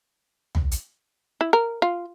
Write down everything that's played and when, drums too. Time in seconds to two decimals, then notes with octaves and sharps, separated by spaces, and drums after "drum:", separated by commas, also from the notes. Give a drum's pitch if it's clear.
0.55 drum: tom
0.71 drum: hi-hat
1.41 E4
1.53 A#4
1.82 F4